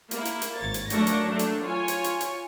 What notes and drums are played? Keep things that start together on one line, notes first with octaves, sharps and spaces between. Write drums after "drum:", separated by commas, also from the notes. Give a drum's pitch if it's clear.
A#3 E4, drum: hi-hat
drum: hi-hat
drum: hi-hat
G#1 C#5 A6
drum: hi-hat
F#3 A3 A#3 D4 C#6 A#6, drum: hi-hat
drum: hi-hat
F#3 A3 D4
drum: hi-hat
F4 C#5 G#5
drum: hi-hat
drum: hi-hat
drum: hi-hat